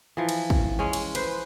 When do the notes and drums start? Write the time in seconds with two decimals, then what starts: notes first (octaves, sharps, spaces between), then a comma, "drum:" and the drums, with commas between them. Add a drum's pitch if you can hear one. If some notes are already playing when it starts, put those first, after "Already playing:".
0.17 E3 F3
0.29 drum: cymbal
0.50 drum: kick
0.79 G#3 C#4
0.93 drum: cymbal
1.15 B4 C5, drum: cymbal